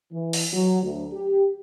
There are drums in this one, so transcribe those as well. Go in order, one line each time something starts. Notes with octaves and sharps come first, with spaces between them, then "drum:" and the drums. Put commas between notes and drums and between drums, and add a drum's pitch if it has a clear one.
E3
drum: open hi-hat
F#3
D2
G4